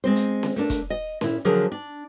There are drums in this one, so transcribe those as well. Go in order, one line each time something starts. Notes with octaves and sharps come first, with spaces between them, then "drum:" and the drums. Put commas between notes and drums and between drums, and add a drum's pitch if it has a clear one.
G#3 C4 C5
drum: hi-hat
drum: snare C#4
A3 A#3 D4
drum: kick F1, hi-hat
D#5
A#2 E4, drum: snare C#4
D3 F3 F#3 G#4 A#4
D4